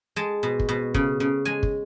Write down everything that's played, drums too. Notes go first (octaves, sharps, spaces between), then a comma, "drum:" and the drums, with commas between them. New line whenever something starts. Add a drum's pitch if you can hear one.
G#3 A5
B2
drum: kick
B2
C#3, drum: kick
C#3
G#3 G#5
drum: kick